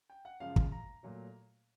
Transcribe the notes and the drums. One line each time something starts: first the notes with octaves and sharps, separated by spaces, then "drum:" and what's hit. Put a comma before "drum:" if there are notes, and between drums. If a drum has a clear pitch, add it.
G5
F#5
F#2 C#3 F3 G#3 F5
drum: kick
A#5
A#2 F#3 A3